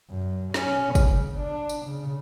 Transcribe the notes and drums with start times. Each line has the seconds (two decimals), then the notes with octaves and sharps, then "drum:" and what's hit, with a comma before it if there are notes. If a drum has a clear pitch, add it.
0.10 F#2
0.54 C#4, drum: snare
0.95 C#3, drum: kick, tambourine
1.40 D4
1.69 drum: tambourine
1.86 C#3